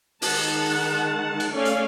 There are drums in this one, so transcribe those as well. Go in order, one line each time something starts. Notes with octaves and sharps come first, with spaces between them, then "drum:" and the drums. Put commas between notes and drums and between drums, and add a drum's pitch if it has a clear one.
D#3 G#3 F#5 A5, drum: open hi-hat
drum: cymbal
A3 C#4 A4 D5 F5 G#5
drum: hi-hat